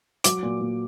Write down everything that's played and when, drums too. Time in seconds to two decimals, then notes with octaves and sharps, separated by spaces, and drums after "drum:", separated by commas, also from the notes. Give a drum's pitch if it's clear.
0.24 F#3 D6, drum: hi-hat
0.43 A#2
0.61 A#2